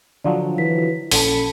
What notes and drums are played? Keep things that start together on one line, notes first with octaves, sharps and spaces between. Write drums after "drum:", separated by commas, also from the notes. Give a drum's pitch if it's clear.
D3 F3 F#3 D5
E3 B6
A#1 C#4 A4 A5 B5 C#7, drum: open hi-hat